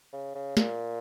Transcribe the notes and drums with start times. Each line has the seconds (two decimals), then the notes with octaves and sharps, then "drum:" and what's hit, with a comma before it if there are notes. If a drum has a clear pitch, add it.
0.13 C#3
0.35 C#3
0.57 A#2, drum: snare